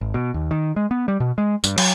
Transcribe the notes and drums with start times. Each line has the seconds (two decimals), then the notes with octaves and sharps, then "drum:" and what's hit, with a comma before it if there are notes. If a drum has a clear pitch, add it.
0.01 G#1
0.14 B2
0.34 D#2
0.51 D#3
0.76 G#3
0.91 B3
1.08 G3
1.20 B2
1.38 G#3
1.64 G2, drum: tambourine
1.78 F#3, drum: cymbal